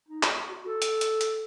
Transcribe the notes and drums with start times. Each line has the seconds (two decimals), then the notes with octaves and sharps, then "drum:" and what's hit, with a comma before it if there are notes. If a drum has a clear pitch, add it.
0.09 D#4
0.23 F#4, drum: clap
0.38 F#4
0.53 F#4
0.67 A4
0.82 drum: hi-hat
1.01 drum: hi-hat
1.21 drum: hi-hat